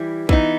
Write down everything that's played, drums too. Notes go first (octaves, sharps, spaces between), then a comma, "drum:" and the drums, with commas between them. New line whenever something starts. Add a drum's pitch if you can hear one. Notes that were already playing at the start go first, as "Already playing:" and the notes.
Already playing: E3 G3 E4
E3 B3 D#4, drum: kick